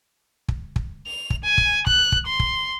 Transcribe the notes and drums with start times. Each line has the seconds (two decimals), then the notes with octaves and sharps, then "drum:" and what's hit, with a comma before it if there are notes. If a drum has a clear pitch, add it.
0.48 drum: kick
0.76 drum: kick
1.07 F7
1.30 drum: kick
1.44 G#5
1.58 drum: kick
1.87 F#6, drum: kick
2.12 drum: kick
2.27 C6
2.40 drum: kick